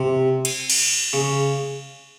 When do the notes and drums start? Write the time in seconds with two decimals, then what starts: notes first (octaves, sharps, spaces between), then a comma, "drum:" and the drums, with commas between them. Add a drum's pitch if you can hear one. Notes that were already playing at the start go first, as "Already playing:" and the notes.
Already playing: C3
0.45 drum: cymbal
0.70 drum: cymbal
1.13 C#3